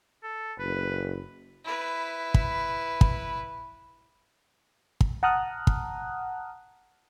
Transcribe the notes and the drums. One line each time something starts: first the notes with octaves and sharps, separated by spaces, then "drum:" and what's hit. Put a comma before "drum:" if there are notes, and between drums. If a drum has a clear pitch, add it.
A4
F#1 B4
E4 B4
drum: kick
drum: kick
drum: kick
F#5 A5 A#5 D#6 F6 F#6
drum: kick